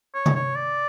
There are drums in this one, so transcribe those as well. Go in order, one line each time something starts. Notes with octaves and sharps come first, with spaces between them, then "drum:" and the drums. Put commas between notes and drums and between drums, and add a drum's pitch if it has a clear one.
C#5
drum: tom C3
C#5
D5